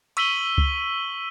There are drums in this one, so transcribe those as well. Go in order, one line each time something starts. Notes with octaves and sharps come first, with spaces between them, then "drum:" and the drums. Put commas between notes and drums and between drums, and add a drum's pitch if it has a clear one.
C#6 E6 B6 D#7 F#7 G7, drum: cymbal
drum: kick C#2